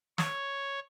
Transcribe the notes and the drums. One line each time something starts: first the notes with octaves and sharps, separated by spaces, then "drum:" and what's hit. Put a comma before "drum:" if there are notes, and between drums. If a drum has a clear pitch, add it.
C#5, drum: snare